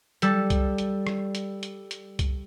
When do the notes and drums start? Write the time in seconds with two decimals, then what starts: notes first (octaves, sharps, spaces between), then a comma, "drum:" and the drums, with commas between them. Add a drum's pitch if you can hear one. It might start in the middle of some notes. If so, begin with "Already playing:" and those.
0.22 G3 A4, drum: hi-hat
0.50 drum: kick C2, hi-hat
0.78 drum: hi-hat
1.07 drum: rim click
1.35 drum: hi-hat
1.63 drum: hi-hat
1.91 drum: hi-hat
2.19 drum: kick C2, hi-hat